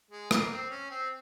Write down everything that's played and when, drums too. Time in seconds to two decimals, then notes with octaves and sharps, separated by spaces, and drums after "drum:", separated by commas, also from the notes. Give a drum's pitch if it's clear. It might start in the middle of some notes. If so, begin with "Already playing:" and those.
0.11 G#3
0.31 A#3, drum: rim click
0.51 C4
0.70 C#4
0.91 C4